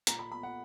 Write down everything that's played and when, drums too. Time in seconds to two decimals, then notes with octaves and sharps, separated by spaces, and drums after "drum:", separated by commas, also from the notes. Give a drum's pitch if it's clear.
0.07 A#2 A#5, drum: hi-hat
0.19 B5
0.32 B3 B5
0.43 F#5